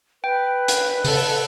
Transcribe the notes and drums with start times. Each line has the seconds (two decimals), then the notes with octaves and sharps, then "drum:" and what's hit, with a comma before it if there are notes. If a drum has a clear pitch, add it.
0.24 B4 G5
0.68 drum: hi-hat
1.05 C#3 A4, drum: open hi-hat